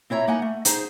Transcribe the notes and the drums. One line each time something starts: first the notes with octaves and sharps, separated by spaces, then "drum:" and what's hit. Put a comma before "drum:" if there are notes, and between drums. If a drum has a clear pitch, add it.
C4 E4 C#5 A#5
A#3 D#4 F#5 G#5 A#5
A3
D#4 G#4 C5, drum: hi-hat